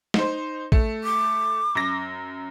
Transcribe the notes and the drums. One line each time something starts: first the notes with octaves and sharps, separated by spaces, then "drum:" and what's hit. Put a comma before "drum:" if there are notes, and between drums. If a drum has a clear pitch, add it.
D#4 C5, drum: snare
A3, drum: kick
D6
F#2 A#6